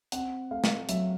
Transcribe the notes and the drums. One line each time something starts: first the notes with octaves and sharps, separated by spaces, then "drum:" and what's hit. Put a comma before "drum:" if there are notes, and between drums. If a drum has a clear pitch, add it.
C4 F#5, drum: hi-hat
A3 F5
drum: snare
F#3 E5, drum: hi-hat